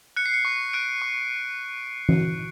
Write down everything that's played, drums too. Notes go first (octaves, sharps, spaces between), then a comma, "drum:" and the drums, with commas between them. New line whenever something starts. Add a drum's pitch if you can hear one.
F#6 C#7
C7
C#7
C#6
F#6 D7
C#6
drum: tom E3